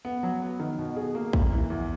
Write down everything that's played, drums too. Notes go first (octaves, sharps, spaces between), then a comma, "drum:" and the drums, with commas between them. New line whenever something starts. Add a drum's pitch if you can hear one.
B3
F#3
B3
D#3
B2
G#4
A#3
A#3, drum: kick
E3
E2